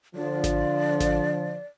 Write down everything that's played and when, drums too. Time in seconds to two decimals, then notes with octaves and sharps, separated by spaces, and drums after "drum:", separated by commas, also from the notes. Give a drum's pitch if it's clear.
0.15 D3 F3 D5
0.44 drum: snare G#1
1.00 drum: snare G#1